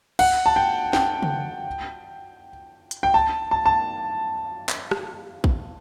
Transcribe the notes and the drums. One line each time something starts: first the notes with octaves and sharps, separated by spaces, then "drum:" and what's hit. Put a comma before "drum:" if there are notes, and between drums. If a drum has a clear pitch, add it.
F#5, drum: cymbal
A5
G5
G5, drum: snare
drum: tom C#3
drum: hi-hat
G5
A5
A5
A5
drum: clap
drum: rim click
drum: kick